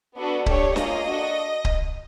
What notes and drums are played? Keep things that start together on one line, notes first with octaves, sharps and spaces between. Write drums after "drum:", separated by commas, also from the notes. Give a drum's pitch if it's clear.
B3 D4 F#4 A4
A3 D4 G4 C#5, drum: kick C#1
A#3 C#4 F4 G#4 D#5, drum: snare
D4 F#4 A4
drum: kick C#1